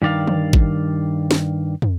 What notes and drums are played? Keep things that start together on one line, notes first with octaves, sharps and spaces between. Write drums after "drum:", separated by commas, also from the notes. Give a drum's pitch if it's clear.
G2 D#3 D5 F5
drum: tom
drum: kick G#1
drum: snare
drum: tom